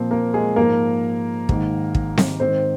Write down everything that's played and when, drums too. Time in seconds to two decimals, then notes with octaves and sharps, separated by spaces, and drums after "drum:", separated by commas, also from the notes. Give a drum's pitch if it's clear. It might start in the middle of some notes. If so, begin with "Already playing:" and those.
Already playing: A#2 F3 A#3 C4 A#4 C5
0.11 A#3 A#4
0.34 G#3 G#4
0.56 G#2 F3 A#3 A#4
1.49 G#2 D#3, drum: kick
1.95 drum: kick
2.17 drum: snare C4
2.40 G#2 D#3 C4 C5